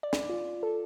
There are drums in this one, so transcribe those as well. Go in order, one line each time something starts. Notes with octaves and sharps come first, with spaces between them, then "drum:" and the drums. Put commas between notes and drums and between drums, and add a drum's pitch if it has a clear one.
D5
drum: snare
F4
A4